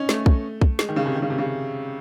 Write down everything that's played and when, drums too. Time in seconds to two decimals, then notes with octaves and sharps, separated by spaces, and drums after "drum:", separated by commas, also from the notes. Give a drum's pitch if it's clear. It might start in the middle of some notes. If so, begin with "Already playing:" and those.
Already playing: C#4 D#4
0.09 A3, drum: snare
0.26 drum: kick
0.61 drum: kick
0.79 G#3, drum: snare
0.89 D#3
0.96 C#3
1.06 C3
1.15 D#3
1.22 C#3
1.30 C3
1.38 C#3